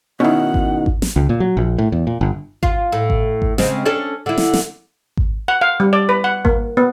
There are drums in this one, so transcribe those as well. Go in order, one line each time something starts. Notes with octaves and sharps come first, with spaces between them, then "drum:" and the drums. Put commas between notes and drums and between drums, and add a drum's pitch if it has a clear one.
B2 D#3 C#4 D#4 E4 F#5
drum: kick G#1
drum: kick G#1
drum: snare
C#2
A#2
F#3
A#1
A2
E2
A#2
G1
F4, drum: kick G#1
A2
drum: kick G#1
drum: kick G#1
C#3 G#3 C4, drum: snare
C#4 D4 A4
D3 E4
drum: snare
drum: snare
drum: kick G#1
F#5
F5
G3
D5
B4
F#5
A#3, drum: kick G#1
B3